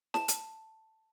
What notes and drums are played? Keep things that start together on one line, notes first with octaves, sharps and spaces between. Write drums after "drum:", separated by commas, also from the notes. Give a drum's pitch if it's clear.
A5, drum: snare
drum: hi-hat